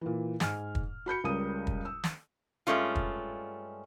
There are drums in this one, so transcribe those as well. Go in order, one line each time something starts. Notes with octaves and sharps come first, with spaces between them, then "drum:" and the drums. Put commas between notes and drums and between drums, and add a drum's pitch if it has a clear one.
A#2 E3
G#2 G#5 F6, drum: snare
drum: kick
F#4 B5 G6 C#7
C#2 C#3 G3 A#4 D#6 D#7
drum: kick
E6
drum: snare
G2 G#3 A3 C#4 F4
drum: kick